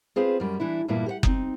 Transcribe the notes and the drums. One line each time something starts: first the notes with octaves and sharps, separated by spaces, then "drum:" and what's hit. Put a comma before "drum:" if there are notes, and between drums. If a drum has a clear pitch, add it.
C4 F4 G#4 B4 C5 F5
F#2 G3 C#4
E3 D4 E4
E2 G2 A#2 A#3 E4 B4
G4 C5 F#5
C4 D#4, drum: kick F#1